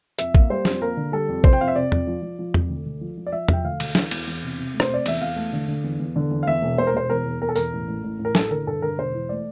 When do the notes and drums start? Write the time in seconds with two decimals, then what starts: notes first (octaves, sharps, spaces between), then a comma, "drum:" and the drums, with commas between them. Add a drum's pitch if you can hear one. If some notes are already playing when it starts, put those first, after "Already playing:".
0.19 F2 E5, drum: hi-hat
0.35 A#3, drum: kick
0.50 G3 C5
0.65 F2, drum: snare
0.82 A#3 A#4
0.97 D3
1.12 G3 A4
1.29 F2
1.44 C3 C5, drum: kick
1.53 G5
1.61 F2 F5
1.68 E5
1.76 C3 D5
1.92 F2, drum: tom E2
2.07 F3
2.22 F3
2.39 F3
2.54 F2, drum: tom E2
2.70 D2
2.86 D2
3.01 F3
3.17 F3
3.27 D5
3.32 F3 E5
3.49 F3 G5, drum: tom E2
3.64 D2 F5
3.80 D2, drum: cymbal
3.95 E3, drum: snare
4.11 E2, drum: cymbal
4.27 E2
4.43 C3
4.58 C3
4.74 A3
4.80 C5, drum: rim click
4.90 C3 D5
5.06 E2 E5, drum: cymbal
5.21 E2 F5
5.36 A3
5.53 D3
5.68 D3
5.84 E2
5.99 E2
6.16 D3
6.31 E2
6.43 F5
6.47 E2 E5
6.62 E1
6.78 E1 C5
6.87 A#4
6.94 E1 C5
7.10 E2 A#4
7.25 E2
7.42 E1 A#4
7.49 A4
7.56 E2 A#4, drum: tambourine
7.73 A1
7.88 A1
8.04 A1
8.19 A1
8.25 A#4
8.35 A1 A4, drum: snare
8.51 D3 A#4
8.67 G2 A4
8.82 D3 A#4
8.98 E1 C5
9.14 E3
9.29 A3 D5